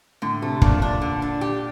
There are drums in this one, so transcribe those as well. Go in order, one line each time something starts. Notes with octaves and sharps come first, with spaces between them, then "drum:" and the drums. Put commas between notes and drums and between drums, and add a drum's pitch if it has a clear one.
A2 D3
C3 A3
A#2 D4, drum: kick
D4
D3
D4
G4